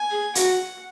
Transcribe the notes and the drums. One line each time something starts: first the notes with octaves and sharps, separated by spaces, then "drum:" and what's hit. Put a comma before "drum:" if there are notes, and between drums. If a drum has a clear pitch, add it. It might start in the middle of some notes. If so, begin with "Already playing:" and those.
Already playing: G#5
G#4
F#4 F#5, drum: hi-hat